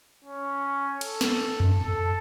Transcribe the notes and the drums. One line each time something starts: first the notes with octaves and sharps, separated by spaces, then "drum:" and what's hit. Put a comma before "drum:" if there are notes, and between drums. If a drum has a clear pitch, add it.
C#4
A4, drum: cymbal
drum: snare
drum: tom F2
A4